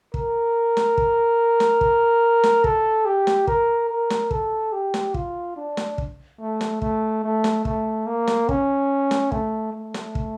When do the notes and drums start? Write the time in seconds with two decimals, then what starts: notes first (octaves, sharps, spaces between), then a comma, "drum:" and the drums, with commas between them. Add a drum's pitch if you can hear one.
0.14 A#4, drum: kick
0.77 drum: snare
0.98 drum: kick
1.60 drum: snare
1.81 drum: kick
2.44 drum: snare
2.64 A4, drum: kick
3.06 G4
3.27 drum: snare
3.47 A#4, drum: kick
3.89 A#4
4.10 drum: snare
4.31 A4, drum: kick
4.73 G4
4.94 drum: snare
5.14 F4, drum: kick
5.56 D4
5.77 drum: snare
5.98 drum: kick
6.40 A3
6.61 drum: snare
6.82 A3, drum: kick
7.24 A3
7.44 drum: snare
7.65 A3, drum: kick
8.07 A#3
8.27 drum: snare
8.49 C#4, drum: kick
9.11 drum: snare
9.32 A3, drum: kick
9.73 A3
9.94 drum: snare
10.15 drum: kick